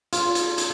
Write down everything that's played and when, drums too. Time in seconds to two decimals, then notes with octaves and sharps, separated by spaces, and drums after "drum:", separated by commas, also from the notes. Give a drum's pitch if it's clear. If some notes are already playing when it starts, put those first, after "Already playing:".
0.13 F4, drum: hi-hat
0.35 drum: hi-hat
0.58 drum: hi-hat